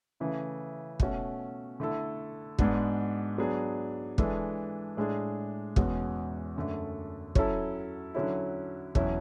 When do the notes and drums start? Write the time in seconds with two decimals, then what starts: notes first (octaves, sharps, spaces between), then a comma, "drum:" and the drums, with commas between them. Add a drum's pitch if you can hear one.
0.20 C#3 E3 A3 E4
1.00 B2 A3 C#4 F#4, drum: kick
1.80 D3 A3 E4 A4
2.59 G#2 G#3 B3 D4 F#4, drum: kick
3.38 F#3 B3 D4 G#4
4.18 E3 G#3 D4 A4, drum: kick
4.97 A2 G#3 D4 G#4
5.76 E2 B2 G#3 C#4 F#4, drum: kick
6.56 F#2 D3 A3
7.35 F#3 C#4 E4 A4, drum: kick
8.14 D3 F#3 C#4 E4
8.95 E2 B2 F#3 C#4 E4, drum: kick